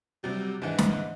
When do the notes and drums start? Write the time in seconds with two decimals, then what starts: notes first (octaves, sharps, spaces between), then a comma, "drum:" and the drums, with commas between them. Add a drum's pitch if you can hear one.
0.24 C3 F#3 G3
0.62 G#2 E3 D4
0.78 drum: snare